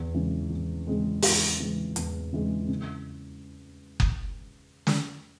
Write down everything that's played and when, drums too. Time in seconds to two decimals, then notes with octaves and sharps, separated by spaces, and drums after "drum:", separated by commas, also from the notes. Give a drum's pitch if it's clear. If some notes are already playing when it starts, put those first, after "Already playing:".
Already playing: E2
0.14 C#3 E3 G#3 C4
0.50 E2
0.87 C#3 E3 G#3 C4
1.22 E2, drum: open hi-hat
1.59 C#3 E3 G#3 C4
1.96 E2, drum: hi-hat
2.32 C#3 E3 G#3 C4
2.68 C#3
4.00 drum: kick F#1
4.87 drum: snare